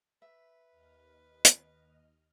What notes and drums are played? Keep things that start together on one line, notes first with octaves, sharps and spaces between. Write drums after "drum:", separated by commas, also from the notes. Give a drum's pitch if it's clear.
B4 E5
D#2 D#5 F6
drum: hi-hat